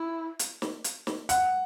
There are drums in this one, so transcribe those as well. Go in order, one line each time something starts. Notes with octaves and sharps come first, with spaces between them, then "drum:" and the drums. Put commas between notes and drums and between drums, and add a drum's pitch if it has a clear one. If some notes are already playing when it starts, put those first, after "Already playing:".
Already playing: E4
drum: hi-hat
drum: snare
drum: hi-hat
drum: snare
F#5, drum: hi-hat